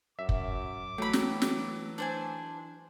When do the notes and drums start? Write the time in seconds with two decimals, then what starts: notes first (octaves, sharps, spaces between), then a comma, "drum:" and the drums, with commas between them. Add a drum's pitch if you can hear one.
0.19 F#2 E5 D6
0.29 drum: kick
0.98 E3 F#3 A3 G5 B5
1.13 drum: snare
1.42 drum: snare
1.98 D4 C5 G#5